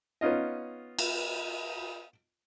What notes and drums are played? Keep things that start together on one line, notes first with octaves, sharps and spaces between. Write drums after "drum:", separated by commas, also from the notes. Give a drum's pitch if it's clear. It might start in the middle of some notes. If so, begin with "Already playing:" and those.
B3 C#4 D#4 F4 D#5
drum: cymbal